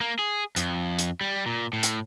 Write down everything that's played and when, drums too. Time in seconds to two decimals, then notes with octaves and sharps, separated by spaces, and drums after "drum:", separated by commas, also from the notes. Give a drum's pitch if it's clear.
0.01 A#3
0.19 G#4
0.56 F2, drum: hi-hat
0.99 drum: hi-hat
1.21 G3
1.46 A#2
1.73 A2
1.83 drum: hi-hat